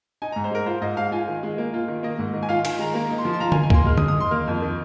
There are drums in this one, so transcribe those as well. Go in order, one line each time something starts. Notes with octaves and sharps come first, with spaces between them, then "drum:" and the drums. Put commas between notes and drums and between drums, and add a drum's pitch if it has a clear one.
D#4 G#5
A#5
G#2
C5
G#3 A#4
F4 C5
G#2 D#5
G#3 F5
F4 G#5
D#3
G#3
A#3
F4
D#3
A#3 D#5
G#2
D#3
G#5
F4 F5
D#3 G#5, drum: cymbal
G#3 A#5
A#3 A#5
D#4
C6
F3
C6
F4 A#5
G#5, drum: tom D3
D#3
G#5
A#3 C6, drum: kick C#2
G#3 F6
D#6, drum: tom D3
D#4
D#6
D#3 C6
A#3 F6
F2
D#3